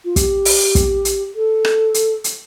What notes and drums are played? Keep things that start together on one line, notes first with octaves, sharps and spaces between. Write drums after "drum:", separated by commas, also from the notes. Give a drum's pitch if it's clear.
F4
G4, drum: kick, hi-hat
drum: open hi-hat
drum: kick, hi-hat
drum: hi-hat
A4
drum: rim click
drum: hi-hat
drum: hi-hat